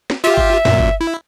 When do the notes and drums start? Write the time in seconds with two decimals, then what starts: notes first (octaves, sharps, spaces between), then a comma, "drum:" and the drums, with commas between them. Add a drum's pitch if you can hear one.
0.10 drum: snare
0.24 F4 G4 E5
0.37 drum: kick G1
0.65 F#2 A#2, drum: snare
0.79 drum: kick G1
1.01 E4